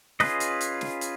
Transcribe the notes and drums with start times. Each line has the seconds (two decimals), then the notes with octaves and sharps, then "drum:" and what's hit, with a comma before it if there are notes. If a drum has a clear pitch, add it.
0.20 C#4 F4 G#4 B4 D#5, drum: snare
0.40 drum: hi-hat
0.61 drum: hi-hat
0.81 drum: snare
1.01 drum: hi-hat